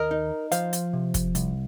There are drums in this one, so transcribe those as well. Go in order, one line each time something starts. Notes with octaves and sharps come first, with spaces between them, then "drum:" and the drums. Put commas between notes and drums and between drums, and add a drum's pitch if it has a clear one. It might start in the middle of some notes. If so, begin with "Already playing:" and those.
Already playing: D#2 A#4 D#5
D#4
F3 C5 F5, drum: hi-hat
drum: hi-hat
C3
drum: kick, hi-hat
C2, drum: hi-hat